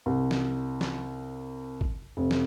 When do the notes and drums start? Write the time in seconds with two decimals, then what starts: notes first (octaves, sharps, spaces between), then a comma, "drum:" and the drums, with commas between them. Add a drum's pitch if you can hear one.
0.06 C2
0.31 drum: snare
0.81 drum: snare
1.81 drum: kick A1
2.17 F1
2.31 drum: snare